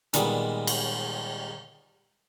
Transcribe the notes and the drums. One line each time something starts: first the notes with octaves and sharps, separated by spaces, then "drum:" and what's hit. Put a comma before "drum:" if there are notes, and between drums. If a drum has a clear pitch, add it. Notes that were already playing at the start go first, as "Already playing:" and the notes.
A#2 D#3 G3 G#3 B3, drum: hi-hat
drum: cymbal